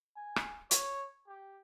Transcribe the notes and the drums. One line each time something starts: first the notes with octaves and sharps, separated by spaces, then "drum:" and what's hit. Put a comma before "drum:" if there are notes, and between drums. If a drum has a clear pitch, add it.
G#5
drum: rim click
C#5, drum: hi-hat
G4